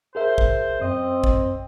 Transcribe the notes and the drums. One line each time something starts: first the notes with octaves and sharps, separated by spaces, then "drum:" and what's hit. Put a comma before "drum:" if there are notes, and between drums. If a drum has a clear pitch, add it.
G#4 A#4 C5 E5
drum: kick
F#2 C4 D#5
drum: kick